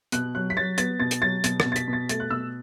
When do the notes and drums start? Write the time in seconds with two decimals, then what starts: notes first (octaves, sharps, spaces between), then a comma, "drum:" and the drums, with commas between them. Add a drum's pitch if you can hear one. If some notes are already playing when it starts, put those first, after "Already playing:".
0.12 B2 F#6, drum: hi-hat
0.35 F#3 F#6
0.50 B6
0.57 F#3 A6
0.78 B3 A6, drum: hi-hat
1.00 B2 A6
1.11 drum: hi-hat
1.21 F#3 A6
1.44 B2 A6, drum: hi-hat
1.60 A6, drum: rim click
1.66 B2
1.72 A6
1.76 B6, drum: hi-hat
1.88 B2
1.93 A6
2.09 A3 A6, drum: hi-hat
2.20 F#6
2.30 B2 E6